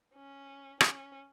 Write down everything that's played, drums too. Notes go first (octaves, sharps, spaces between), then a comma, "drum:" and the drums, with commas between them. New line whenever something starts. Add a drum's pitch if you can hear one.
C#4
C#4, drum: rim click